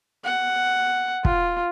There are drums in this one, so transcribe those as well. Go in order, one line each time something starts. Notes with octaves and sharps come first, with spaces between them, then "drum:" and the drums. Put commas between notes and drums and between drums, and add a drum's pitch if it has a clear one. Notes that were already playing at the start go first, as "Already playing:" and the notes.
F#5
F4, drum: kick